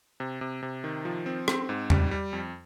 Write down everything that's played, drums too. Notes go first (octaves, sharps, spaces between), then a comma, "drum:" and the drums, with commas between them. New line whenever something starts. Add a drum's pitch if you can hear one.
C3
C3
C3
D#3
F3
C4
C4, drum: rim click
G#2
G3, drum: tom E2
G3
F2